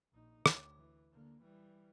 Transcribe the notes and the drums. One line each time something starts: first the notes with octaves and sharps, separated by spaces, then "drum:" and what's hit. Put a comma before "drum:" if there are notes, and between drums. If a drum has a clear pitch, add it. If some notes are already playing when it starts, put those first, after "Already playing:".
A#1 D#4
D2, drum: rim click
E3
D3 A#3
E3 G3